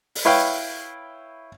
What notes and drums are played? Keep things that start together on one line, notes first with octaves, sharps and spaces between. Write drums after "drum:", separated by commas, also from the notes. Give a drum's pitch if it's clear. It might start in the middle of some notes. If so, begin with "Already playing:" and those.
drum: open hi-hat
E4 B4 C#5 F5 G5